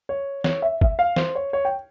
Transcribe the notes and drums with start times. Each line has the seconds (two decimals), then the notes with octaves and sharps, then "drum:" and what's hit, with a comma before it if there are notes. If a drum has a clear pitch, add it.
0.09 C#5
0.44 C#5, drum: snare
0.62 E5
0.81 E5, drum: kick
0.99 F5
1.16 C5, drum: snare
1.35 C#5
1.53 C#5
1.65 G5